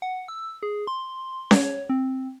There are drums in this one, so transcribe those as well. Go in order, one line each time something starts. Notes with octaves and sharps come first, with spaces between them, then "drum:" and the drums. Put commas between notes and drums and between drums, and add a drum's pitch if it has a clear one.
F#5
E6
G#4
C6
C#5, drum: snare C#4
C4